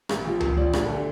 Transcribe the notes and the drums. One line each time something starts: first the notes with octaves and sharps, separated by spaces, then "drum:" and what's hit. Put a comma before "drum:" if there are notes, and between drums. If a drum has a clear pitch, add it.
A1, drum: rim click
F3 G4
A1, drum: tom C#2
F3 D5
D2 D5, drum: rim click
A4
D3
G4